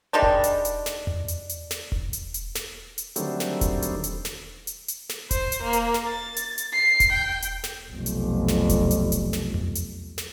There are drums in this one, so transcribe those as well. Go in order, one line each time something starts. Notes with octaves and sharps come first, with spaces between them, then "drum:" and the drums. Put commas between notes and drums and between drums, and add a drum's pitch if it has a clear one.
D#3 G3 G#3 D4
drum: kick E1
drum: hi-hat
drum: hi-hat
drum: snare
drum: tom E2
drum: hi-hat
drum: hi-hat
drum: snare
drum: kick E1
drum: hi-hat
drum: hi-hat
drum: snare
drum: hi-hat
D3 D#3 F#3 G3 A3 C4, drum: hi-hat
drum: snare
drum: kick E1, hi-hat
drum: hi-hat
drum: hi-hat
drum: snare
drum: hi-hat
drum: hi-hat
drum: snare
C5, drum: kick E1, hi-hat
drum: hi-hat
A#3
drum: hi-hat
drum: snare
A6
drum: hi-hat
drum: hi-hat
C7
drum: kick E1, hi-hat
G5
drum: hi-hat
drum: snare
F1 B1
drum: hi-hat
drum: snare
drum: kick E1, hi-hat
drum: hi-hat
drum: hi-hat
drum: snare
drum: tom E2
drum: hi-hat
drum: snare